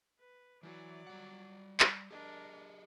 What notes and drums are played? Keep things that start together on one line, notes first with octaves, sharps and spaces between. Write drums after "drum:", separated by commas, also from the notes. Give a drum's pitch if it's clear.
B4
E3 F#3 E4 D5
G3 F#5
drum: clap
D4 G4 G#4 A#4 D#5